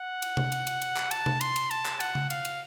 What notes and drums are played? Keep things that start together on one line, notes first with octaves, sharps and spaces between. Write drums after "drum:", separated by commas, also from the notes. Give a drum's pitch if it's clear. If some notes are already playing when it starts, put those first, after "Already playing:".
Already playing: F#5
drum: cymbal
drum: tom C3
drum: cymbal
drum: cymbal
drum: cymbal
drum: clap
A5, drum: cymbal
drum: tom C3
C6, drum: cymbal
drum: cymbal
A5, drum: cymbal
drum: clap
F#5, drum: cymbal
drum: tom C#3
F5, drum: cymbal
drum: cymbal